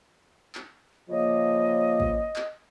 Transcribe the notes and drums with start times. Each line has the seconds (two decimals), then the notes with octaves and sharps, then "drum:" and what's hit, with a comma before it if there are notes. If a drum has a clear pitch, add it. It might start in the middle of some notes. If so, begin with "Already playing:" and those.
0.55 drum: clap
1.09 C#3 F3 A#3 D#5
2.00 drum: kick
2.36 drum: clap